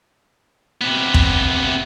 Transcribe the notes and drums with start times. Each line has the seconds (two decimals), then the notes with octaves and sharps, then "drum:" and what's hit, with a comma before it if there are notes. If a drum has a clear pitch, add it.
0.81 C3 B3
1.14 drum: kick